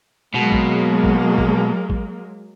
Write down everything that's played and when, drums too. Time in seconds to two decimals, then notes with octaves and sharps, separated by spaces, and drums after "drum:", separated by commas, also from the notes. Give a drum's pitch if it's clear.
0.35 B2 F#3 G#3 A#3
0.52 drum: kick
1.04 drum: kick
1.38 drum: kick
1.90 drum: kick